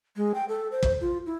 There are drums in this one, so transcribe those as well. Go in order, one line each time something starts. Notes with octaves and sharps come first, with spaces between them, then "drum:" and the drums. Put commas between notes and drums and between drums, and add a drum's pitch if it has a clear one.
G#3
G5
A4
C5
drum: kick
F4
E4